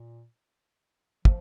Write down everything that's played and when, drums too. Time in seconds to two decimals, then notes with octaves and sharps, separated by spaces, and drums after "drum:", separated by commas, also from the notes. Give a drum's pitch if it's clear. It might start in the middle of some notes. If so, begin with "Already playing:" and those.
Already playing: A#2
1.25 F3, drum: kick